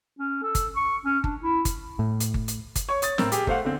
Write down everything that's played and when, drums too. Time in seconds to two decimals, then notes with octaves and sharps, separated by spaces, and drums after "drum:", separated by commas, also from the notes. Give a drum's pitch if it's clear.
0.19 C#4
0.43 A4
0.55 drum: kick G1, hi-hat
0.76 C#6
1.05 C#4
1.24 D4, drum: kick G1
1.42 E4
1.65 drum: kick G1, hi-hat
1.99 A2
2.20 drum: hi-hat
2.34 drum: kick G1
2.48 drum: hi-hat
2.76 drum: kick G1, hi-hat
2.89 C#5 C#6
3.02 C#5 D#6 A6, drum: hi-hat
3.18 A2 C4 A#4 E6, drum: snare
3.32 G4 G#4, drum: hi-hat
3.47 A3 C5 F5 F#5, drum: kick G1
3.65 D3 C4